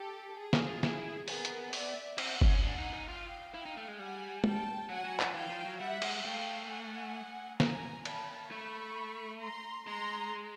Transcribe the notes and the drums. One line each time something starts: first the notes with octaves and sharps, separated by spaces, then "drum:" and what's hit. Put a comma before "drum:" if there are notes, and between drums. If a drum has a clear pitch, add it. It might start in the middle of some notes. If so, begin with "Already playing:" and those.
Already playing: G4 A4
G#4
drum: snare
F4
E4, drum: snare
B3 G#4 A#4, drum: open hi-hat
drum: hi-hat
D5 E5, drum: open hi-hat
C4 E5 F#5, drum: cymbal
C#4, drum: kick F#1
D4 F#5 G#5
D#4
D#4
F4 F5 G5
E4 F5 G5
D#4
A3
G#3
G3 F#5 G#5
G5 A5, drum: tom
F#3 F#5 G#5
F#3
F3, drum: clap
E3 F5 G5
F3
F#3
G3 E5 F#5
G#3, drum: cymbal
A3 F5 G5
F#5 G#5
G#5 A#5, drum: snare
A5 B5, drum: cymbal
A3 B5 C#6
A#5 C6
G#3 A#5 C6